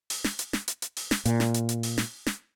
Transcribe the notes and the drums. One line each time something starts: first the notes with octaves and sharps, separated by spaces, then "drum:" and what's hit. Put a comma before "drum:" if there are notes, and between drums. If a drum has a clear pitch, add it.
drum: open hi-hat
drum: snare
drum: hi-hat
drum: snare
drum: hi-hat
drum: hi-hat
drum: open hi-hat
drum: snare
A#2, drum: hi-hat
drum: snare
drum: hi-hat
drum: hi-hat
drum: open hi-hat
drum: snare
drum: snare